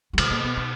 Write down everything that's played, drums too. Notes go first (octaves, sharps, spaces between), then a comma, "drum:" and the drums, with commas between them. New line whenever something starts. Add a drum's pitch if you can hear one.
F#3
C#3 G#3, drum: cymbal
B2
A#2 A#3
B2 B3
D#4